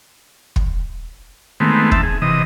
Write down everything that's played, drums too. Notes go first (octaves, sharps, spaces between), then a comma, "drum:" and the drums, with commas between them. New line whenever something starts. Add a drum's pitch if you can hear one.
drum: kick
D#3 G#3 A3 B3 C4
D#2 C4 E5 A5, drum: kick
G#4
C3 E3 D#5 D#6